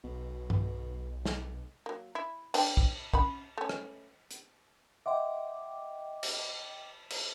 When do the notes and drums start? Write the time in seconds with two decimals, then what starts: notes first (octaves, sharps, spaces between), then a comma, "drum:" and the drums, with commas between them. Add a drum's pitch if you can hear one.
0.04 B1 B2
0.50 drum: tom G2
1.25 drum: snare
1.86 F#3 A#3
2.15 E4
2.54 B3 D4 G5, drum: cymbal
2.77 drum: kick
3.13 C#4 F#5 B5, drum: kick
3.58 A3 C#4
3.69 drum: rim click
4.31 drum: hi-hat
5.06 D#5 E5 F#5 G5 C6 D6
6.23 drum: cymbal
7.10 drum: cymbal